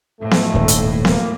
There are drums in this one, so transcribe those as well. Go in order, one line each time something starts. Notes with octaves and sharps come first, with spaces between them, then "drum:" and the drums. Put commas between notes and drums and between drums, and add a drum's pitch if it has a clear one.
F2 A2 A3
drum: snare B3
D#1 G#2
drum: hi-hat
A#3, drum: snare B3